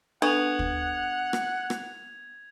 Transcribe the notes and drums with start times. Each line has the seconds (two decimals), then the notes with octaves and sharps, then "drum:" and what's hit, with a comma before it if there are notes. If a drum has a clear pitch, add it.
0.22 B3 D4 A4 F#5 C#6 G#6 F7
0.59 drum: kick
1.33 drum: rim click
1.70 drum: rim click